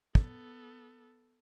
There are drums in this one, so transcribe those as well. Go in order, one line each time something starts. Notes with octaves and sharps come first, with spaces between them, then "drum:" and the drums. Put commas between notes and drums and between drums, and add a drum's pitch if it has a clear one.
B3 A4, drum: kick